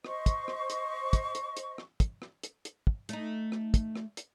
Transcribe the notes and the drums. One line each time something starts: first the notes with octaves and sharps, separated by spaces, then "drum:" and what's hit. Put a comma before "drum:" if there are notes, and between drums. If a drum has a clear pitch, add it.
C5 D#5 C#6, drum: rim click
drum: kick, hi-hat
drum: rim click
drum: hi-hat
drum: kick, hi-hat
drum: hi-hat
drum: hi-hat
drum: rim click
drum: kick, hi-hat
drum: rim click
drum: hi-hat
drum: hi-hat
drum: kick
A3 D#4, drum: hi-hat
drum: rim click
drum: kick, hi-hat
drum: rim click
drum: hi-hat